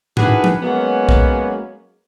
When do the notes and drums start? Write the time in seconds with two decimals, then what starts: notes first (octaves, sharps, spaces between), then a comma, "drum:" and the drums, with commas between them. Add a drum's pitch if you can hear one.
0.17 D#3 E3 D4 F#4 G#4 B4, drum: tom G#2
0.44 drum: tom F3
0.62 F#3 G#3 A#3 B3 C#4
1.09 drum: kick